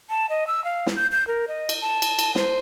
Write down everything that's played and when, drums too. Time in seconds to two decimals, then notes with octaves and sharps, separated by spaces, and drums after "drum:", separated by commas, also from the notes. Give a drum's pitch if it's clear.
0.10 A5
0.30 D#5
0.47 E6
0.65 F5
0.86 drum: snare
0.96 G6
1.12 G6
1.28 A#4
1.48 D#5
1.69 drum: cymbal
1.82 A5
2.02 drum: cymbal
2.19 drum: cymbal
2.35 C5, drum: snare